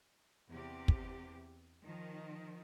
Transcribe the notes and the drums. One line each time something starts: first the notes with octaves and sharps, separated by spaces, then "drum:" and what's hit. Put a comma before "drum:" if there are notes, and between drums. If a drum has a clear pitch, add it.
E2 C3 G4
drum: kick
D#3 F3